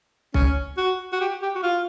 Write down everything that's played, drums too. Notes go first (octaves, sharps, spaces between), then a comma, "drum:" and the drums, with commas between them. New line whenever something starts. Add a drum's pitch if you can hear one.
C#4, drum: kick B1
F#4
F#4
G4
G4
F#4
F4